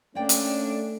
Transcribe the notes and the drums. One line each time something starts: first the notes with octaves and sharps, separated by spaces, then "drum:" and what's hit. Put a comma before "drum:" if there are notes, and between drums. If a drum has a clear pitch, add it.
A3 A#3 C#4 D4 D5 G5
drum: hi-hat